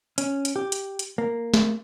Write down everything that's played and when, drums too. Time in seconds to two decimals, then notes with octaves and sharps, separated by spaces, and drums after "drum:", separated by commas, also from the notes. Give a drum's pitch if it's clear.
0.18 C#4, drum: hi-hat
0.45 drum: hi-hat
0.56 G4
0.72 drum: hi-hat
0.99 drum: hi-hat
1.18 A#3
1.54 drum: snare